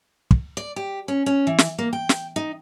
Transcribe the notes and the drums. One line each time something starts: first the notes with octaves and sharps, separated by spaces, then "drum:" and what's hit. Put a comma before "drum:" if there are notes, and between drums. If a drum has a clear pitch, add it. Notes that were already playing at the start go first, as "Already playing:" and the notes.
drum: kick
D5
G4
C#4
C#4
E3
drum: snare
A#3
G5
drum: snare
D#4